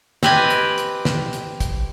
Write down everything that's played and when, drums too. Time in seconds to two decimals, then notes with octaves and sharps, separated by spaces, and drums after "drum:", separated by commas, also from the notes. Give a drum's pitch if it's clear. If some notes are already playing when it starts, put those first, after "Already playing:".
0.23 C4 G4 B4 D#5 G#5, drum: snare
0.50 drum: hi-hat
0.78 drum: hi-hat
1.05 drum: snare
1.33 drum: hi-hat
1.60 drum: kick, hi-hat